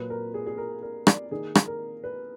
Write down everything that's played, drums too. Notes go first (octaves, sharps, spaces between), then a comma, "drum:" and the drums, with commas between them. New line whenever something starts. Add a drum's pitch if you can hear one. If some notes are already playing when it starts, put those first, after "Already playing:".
Already playing: A#2 F#3 A#3 B4
A#4
G#4
G#4
A#4
A#4
D5, drum: rim click
D#3 A#3 G#4
drum: rim click
A#4
B4